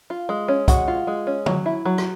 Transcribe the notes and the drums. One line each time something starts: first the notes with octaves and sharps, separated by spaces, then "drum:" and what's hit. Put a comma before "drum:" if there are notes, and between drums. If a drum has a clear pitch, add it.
F4
G#3
C#4
G#3 F#4 F#5, drum: kick, hi-hat
F4
G#3
C#4
F#3, drum: tom
E4
F#3
drum: rim click